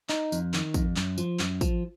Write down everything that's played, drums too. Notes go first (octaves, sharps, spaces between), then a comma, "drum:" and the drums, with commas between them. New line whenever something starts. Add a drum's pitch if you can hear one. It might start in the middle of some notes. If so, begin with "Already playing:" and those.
D#4, drum: clap
F2, drum: tambourine
D#3, drum: clap
F2, drum: kick, tambourine
F#2, drum: clap
F3, drum: tambourine
F#2, drum: clap
F3, drum: kick, tambourine